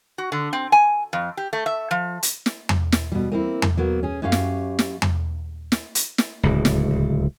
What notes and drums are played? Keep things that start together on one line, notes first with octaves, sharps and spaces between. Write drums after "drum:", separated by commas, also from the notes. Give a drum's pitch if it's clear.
F#4
D3
C4
G#5
F2
G4
A3
E5
F3
drum: hi-hat
drum: snare
drum: tom E2
drum: snare
B2 G3
A#3 C4 E4
drum: tom E2
F#3 A#3 B3
C#4 G#4
F#2 C#4 G4 F5
drum: snare
drum: snare
drum: tom E2
drum: snare
drum: hi-hat
drum: snare
D1 C#2
drum: snare